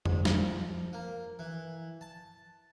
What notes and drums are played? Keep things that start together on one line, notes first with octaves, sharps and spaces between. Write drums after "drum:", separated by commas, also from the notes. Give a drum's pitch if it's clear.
G#2, drum: tom F2
F3, drum: snare
A#3
E3
A5